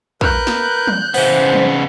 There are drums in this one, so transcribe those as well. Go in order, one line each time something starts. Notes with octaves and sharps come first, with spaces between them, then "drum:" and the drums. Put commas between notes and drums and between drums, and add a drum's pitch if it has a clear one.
A#4 B4 F#6 G6, drum: kick
drum: snare
drum: tom
C#3 E3 B3 C5, drum: open hi-hat
drum: tom